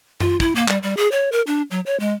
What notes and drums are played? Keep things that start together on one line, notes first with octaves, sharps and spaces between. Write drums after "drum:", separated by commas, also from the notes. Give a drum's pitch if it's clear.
F4, drum: tom F#2
E4, drum: kick
A#3
G3, drum: clap
G3
G#4
C#5
A#4
D4
F#3
C#5
G#3